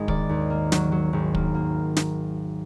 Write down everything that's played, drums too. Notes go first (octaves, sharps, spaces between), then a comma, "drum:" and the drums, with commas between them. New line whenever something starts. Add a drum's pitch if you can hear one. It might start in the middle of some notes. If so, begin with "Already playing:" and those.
Already playing: G#1 G#3
D#3 D5, drum: kick
D#2
A#3
F#3, drum: snare
F#3
G#1
A#3, drum: kick
A#3
drum: snare